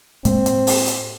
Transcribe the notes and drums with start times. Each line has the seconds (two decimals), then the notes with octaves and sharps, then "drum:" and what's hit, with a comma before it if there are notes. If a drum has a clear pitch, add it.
0.25 A2 G#3 A#3 C4, drum: hi-hat
0.46 drum: hi-hat
0.67 drum: open hi-hat
0.88 drum: hi-hat